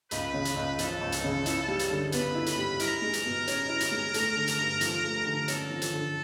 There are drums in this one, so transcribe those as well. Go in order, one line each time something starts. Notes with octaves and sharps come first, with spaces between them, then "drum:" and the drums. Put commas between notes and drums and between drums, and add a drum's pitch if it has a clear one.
C#2 B4 B5, drum: hi-hat
C#3
drum: hi-hat
C#2
F3 A4 A5, drum: hi-hat
C#2
drum: hi-hat
C#3
E4, drum: hi-hat
G3
drum: hi-hat
D3
B3 B4 B5, drum: hi-hat
E4
B4 B5, drum: hi-hat
G3
E4 A#4 A#5, drum: hi-hat
G#3
drum: hi-hat
B2
C#4, drum: hi-hat
E4
drum: hi-hat
G#3
A3, drum: hi-hat
D3
drum: hi-hat
G2
F3, drum: hi-hat
A3
D3
C#4 A4 A5, drum: hi-hat
F3
drum: hi-hat
D3